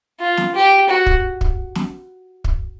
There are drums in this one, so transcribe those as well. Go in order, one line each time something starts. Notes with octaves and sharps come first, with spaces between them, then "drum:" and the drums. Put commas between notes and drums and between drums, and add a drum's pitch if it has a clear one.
F4
drum: snare
G4
F#4
drum: kick
drum: kick
drum: snare
drum: kick